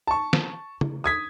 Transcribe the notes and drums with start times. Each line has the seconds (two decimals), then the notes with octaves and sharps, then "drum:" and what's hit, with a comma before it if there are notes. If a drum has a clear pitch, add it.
0.07 A5 C#6
0.33 drum: snare
0.81 drum: tom C#3
1.04 D#6 G#6 B6